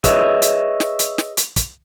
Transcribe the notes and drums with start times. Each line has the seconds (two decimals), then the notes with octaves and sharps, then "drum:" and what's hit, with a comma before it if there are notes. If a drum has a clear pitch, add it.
0.04 G#4 B4 C#5 D#5 E5, drum: kick, hi-hat
0.42 drum: hi-hat
0.80 drum: snare
0.99 drum: hi-hat
1.18 drum: snare
1.37 drum: hi-hat
1.56 drum: kick, hi-hat